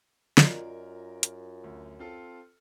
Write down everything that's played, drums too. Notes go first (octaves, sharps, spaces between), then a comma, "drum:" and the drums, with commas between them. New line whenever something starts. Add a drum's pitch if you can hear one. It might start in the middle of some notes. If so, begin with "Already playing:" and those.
F#2 F4 A#4 D5 D#5, drum: snare
drum: hi-hat
D2
C4 F4 A4